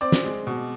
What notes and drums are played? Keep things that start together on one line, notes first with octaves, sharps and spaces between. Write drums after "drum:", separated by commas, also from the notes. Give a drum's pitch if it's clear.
C4 D5 D6
drum: snare
G#3
B2